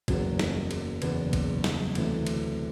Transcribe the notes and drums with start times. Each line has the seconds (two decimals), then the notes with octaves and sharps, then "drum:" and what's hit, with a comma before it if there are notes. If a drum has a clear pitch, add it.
0.08 F#1 E2 C#3 F#3 A#3, drum: kick, cymbal
0.39 drum: snare
0.71 drum: cymbal
1.02 F#1 E2 C#3 F#3 A#3, drum: cymbal
1.33 drum: kick, cymbal
1.64 drum: snare
1.95 D2 C3 E3 A3 C#4, drum: cymbal
2.27 drum: cymbal